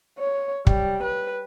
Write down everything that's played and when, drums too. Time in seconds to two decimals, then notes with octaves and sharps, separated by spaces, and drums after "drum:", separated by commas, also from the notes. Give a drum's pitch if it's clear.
0.19 C#5
0.67 G3, drum: kick
1.03 B4